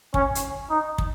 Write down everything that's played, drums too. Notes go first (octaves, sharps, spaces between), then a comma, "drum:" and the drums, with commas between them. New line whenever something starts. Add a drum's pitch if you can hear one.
C#4, drum: kick
drum: hi-hat
D#4
drum: kick